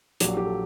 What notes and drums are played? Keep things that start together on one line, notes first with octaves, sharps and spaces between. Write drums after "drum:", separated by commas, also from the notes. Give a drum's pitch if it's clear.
A#1 A#2 F#3 G4, drum: hi-hat
G4
A4